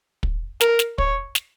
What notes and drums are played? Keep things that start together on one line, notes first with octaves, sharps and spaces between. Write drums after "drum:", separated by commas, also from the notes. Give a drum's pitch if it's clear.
drum: kick
A#4, drum: snare
drum: snare
C#5, drum: kick
drum: snare